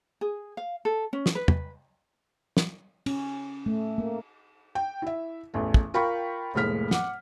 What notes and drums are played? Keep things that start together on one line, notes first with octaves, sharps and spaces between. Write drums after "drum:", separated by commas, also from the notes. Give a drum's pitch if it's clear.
G#4
F5
A4
C#4
drum: snare
B4
drum: tom
drum: snare
C#4, drum: cymbal
A3
A#3
G5
E4 E5
A1 E2 A3
drum: kick
F4 A#4 G5 B5 C#6
F1 A2 G#3 A#3 F6 B6
F#5 D6, drum: snare